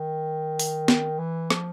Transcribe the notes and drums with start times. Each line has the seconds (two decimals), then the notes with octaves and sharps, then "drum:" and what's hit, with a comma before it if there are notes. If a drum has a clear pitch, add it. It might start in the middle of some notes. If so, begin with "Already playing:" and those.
Already playing: D#3
0.59 drum: open hi-hat
0.88 drum: snare
1.18 E3
1.50 F3, drum: rim click